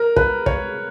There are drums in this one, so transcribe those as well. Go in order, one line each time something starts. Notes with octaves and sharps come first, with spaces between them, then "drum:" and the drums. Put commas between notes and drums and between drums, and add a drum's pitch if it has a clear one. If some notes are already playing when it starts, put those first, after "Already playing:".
Already playing: A#4
B4, drum: kick
C#5, drum: kick